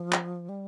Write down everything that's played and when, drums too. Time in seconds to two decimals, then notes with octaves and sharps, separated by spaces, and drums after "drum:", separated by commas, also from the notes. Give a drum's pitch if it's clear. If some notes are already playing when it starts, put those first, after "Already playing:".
Already playing: F3
0.12 drum: clap
0.49 G3